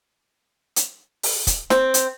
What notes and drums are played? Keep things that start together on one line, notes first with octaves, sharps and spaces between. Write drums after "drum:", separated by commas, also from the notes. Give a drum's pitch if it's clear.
drum: hi-hat
drum: open hi-hat
drum: kick, hi-hat
C4, drum: snare
drum: hi-hat